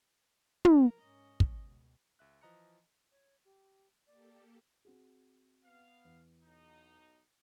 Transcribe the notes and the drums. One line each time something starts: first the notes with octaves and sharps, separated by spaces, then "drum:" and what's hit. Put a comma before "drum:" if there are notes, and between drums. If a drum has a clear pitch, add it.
F3 A#4 A#5, drum: tom
G#2 C#4 D#5
drum: kick
C#2 B2
C#2 E5 F#6
E3 F3 D#5 A#5 F#6 C#7
C#5
G4
A#3 G4 A4 D5
C4 F#4 G#4
B3 F5
E2 E3
B1 D#4